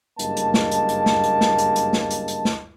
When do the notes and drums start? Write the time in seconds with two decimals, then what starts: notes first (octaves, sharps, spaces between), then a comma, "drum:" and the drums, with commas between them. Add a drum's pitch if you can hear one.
0.19 F#1 G2 G#3 A#3 D#5 A5, drum: hi-hat
0.36 drum: hi-hat
0.54 drum: snare
0.71 drum: hi-hat
0.89 drum: hi-hat
1.06 drum: snare
1.23 drum: hi-hat
1.41 drum: snare
1.58 drum: hi-hat
1.76 drum: hi-hat
1.93 drum: snare
2.10 drum: hi-hat
2.28 drum: hi-hat
2.45 drum: snare